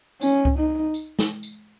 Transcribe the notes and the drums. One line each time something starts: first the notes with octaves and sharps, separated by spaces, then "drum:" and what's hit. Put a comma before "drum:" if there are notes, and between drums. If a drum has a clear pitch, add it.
C#4, drum: tambourine
drum: kick C#2
D#4
drum: tambourine
drum: snare
drum: tambourine